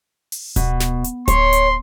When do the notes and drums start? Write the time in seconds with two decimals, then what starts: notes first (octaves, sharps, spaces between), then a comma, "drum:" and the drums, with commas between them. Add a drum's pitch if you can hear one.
0.32 drum: open hi-hat
0.56 B2, drum: kick D1, hi-hat
0.80 drum: snare
1.04 drum: hi-hat
1.28 C#5 C6, drum: kick D1, hi-hat
1.53 drum: hi-hat